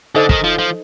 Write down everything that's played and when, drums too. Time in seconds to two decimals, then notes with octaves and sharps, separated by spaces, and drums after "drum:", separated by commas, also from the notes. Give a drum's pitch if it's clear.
0.15 D3 D#4 A4 C5 D#5
0.29 D#3, drum: kick
0.44 F3
0.59 F3